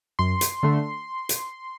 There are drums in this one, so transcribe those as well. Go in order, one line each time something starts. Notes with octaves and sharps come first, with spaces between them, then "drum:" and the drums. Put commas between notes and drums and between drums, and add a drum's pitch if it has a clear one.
F#2 C6
drum: hi-hat
D3 A3
drum: hi-hat